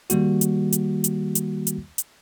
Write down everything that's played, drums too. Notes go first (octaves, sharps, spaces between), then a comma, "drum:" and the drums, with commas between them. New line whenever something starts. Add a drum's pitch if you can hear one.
D#3 G3 A#3 F#4, drum: hi-hat
drum: hi-hat
drum: hi-hat
drum: hi-hat
drum: hi-hat
drum: hi-hat
drum: hi-hat